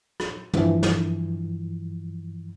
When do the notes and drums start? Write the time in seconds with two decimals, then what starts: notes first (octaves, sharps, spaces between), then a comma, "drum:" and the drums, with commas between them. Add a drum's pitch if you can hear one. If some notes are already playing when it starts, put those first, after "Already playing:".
0.20 drum: rim click
0.53 G2 E3 F3, drum: tom
0.83 drum: snare